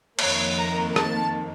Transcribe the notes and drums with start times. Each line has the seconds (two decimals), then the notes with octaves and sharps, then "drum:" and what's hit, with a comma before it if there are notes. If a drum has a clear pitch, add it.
0.19 F2 D#3 A#3 C#5, drum: cymbal
0.58 A#5
0.96 A5, drum: rim click